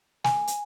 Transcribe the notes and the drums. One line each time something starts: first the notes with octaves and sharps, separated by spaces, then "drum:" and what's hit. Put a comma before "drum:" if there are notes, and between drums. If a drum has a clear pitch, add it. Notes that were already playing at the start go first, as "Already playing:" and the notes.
G#5, drum: snare
drum: hi-hat